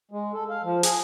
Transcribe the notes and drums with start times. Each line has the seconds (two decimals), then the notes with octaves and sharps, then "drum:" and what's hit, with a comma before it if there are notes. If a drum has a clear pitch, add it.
0.11 G#3
0.34 A4
0.50 F5
0.63 F3
0.83 G#4, drum: hi-hat